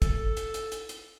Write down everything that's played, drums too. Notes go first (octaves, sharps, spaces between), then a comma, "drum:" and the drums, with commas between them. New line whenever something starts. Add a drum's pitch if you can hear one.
A4, drum: kick, hi-hat
drum: hi-hat
drum: hi-hat
drum: hi-hat
drum: hi-hat